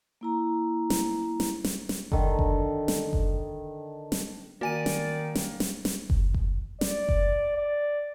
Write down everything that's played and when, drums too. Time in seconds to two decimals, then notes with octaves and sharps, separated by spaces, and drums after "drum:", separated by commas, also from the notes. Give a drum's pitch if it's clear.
0.21 A#3 E4 A#5
0.90 drum: snare
1.40 drum: snare
1.64 drum: snare
1.89 drum: snare
2.12 D3 D#3, drum: kick F#1
2.39 drum: kick F#1
2.88 drum: snare
3.13 drum: kick F#1
4.12 drum: snare
4.61 D#3 A#3 F#4 D5 G#5 D#7
4.86 drum: snare
5.35 drum: snare
5.60 drum: snare
5.85 drum: snare
6.10 drum: kick F#1
6.34 drum: kick F#1
6.81 D5, drum: snare
7.09 drum: kick F#1
7.57 D5